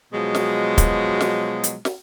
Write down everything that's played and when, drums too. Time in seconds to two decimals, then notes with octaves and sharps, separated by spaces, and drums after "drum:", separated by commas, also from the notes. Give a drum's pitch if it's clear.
0.13 B2 F3 F#3 G#3
0.35 drum: snare
0.78 drum: kick, hi-hat
1.21 drum: snare
1.64 drum: hi-hat
1.85 drum: snare